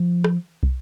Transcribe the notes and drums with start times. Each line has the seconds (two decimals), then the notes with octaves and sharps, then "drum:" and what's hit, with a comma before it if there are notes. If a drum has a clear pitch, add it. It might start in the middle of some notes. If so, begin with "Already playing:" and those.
Already playing: F3
0.24 drum: rim click
0.63 drum: kick